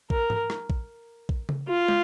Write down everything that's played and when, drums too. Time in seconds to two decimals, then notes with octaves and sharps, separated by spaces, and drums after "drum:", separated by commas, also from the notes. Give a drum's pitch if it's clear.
0.10 A#4, drum: kick A#1
0.30 drum: tom G#2
0.50 drum: rim click
0.70 drum: kick A#1
1.29 drum: kick A#1
1.49 drum: tom C#3
1.68 F4
1.88 drum: tom